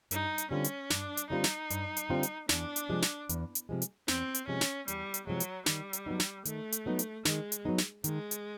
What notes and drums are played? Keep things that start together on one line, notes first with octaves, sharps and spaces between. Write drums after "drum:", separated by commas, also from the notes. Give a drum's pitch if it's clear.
G2 D#4, drum: hi-hat
drum: hi-hat
D3 G3 C4 C#4 F4
drum: hi-hat
G2 D4, drum: snare
drum: hi-hat
D3 G3 C4 D#4 F4
drum: snare
G2, drum: hi-hat
drum: hi-hat
D3 G3 C4 F4
drum: hi-hat
E2 D4, drum: snare
drum: hi-hat
C3 F3 G#3
drum: snare
E2, drum: hi-hat
drum: hi-hat
C3 F3 G#3
drum: hi-hat
E2 C4, drum: snare
drum: hi-hat
C3 F3 G#3 C#4
drum: snare
E2 G3, drum: hi-hat
drum: hi-hat
C3 F3 F#3 G#3
drum: hi-hat
D#3 G3, drum: snare
drum: hi-hat
F#3 B3 D#4
drum: snare
D#3 A3, drum: hi-hat
drum: hi-hat
F#3 B3 D#4
drum: hi-hat
D#3 G#3, drum: snare
drum: hi-hat
F#3 B3 D#4
drum: snare
D#3 G#3, drum: hi-hat
drum: hi-hat